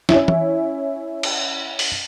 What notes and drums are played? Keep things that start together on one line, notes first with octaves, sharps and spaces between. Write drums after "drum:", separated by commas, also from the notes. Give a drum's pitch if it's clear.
C#4 E4, drum: snare
drum: tom E3
drum: cymbal
drum: open hi-hat